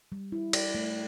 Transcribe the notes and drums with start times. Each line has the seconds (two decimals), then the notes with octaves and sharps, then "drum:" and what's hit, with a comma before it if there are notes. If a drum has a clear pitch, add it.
0.12 G3
0.32 E4
0.53 D5, drum: cymbal
0.75 A3